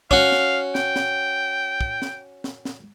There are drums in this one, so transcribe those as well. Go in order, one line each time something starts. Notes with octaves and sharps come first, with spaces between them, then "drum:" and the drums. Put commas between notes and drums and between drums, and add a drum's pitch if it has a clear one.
C#4 F#4 F5, drum: kick
drum: snare
G5, drum: snare
drum: snare
drum: kick
drum: snare
drum: snare
drum: snare